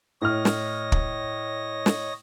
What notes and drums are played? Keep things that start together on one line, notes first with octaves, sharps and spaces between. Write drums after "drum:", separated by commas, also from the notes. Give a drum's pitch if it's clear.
A2 C#5 D#5 F6 A#6
drum: snare
drum: kick
drum: snare